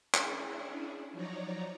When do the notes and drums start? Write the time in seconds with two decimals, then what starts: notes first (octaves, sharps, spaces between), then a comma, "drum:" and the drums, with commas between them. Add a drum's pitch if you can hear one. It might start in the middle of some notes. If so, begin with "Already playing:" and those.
0.14 C#4 D4 E4 G#4, drum: clap
1.12 F3 F#3 D#4 C#5 D5 A#5